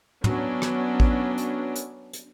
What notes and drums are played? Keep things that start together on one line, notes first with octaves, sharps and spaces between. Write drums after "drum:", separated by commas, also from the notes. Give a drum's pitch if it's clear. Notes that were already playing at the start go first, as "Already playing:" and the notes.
F#3 B3 C#4 D4, drum: tom
drum: rim click
drum: kick A1
drum: hi-hat
drum: hi-hat
drum: hi-hat